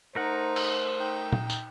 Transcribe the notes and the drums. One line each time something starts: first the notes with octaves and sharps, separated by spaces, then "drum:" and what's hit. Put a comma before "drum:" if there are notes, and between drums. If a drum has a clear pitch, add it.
A3 D#4 A#4 C5 F#5
drum: cymbal
D#4 G5
drum: tom A#2
drum: tambourine